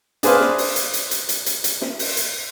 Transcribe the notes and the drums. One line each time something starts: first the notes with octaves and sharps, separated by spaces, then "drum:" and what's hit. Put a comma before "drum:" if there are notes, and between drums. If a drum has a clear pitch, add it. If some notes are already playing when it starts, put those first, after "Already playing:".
D4 G#4 B4 C5 F5, drum: hi-hat
drum: snare
drum: open hi-hat
drum: hi-hat
drum: hi-hat
drum: hi-hat
drum: hi-hat
drum: hi-hat
drum: hi-hat
drum: snare
drum: open hi-hat
drum: hi-hat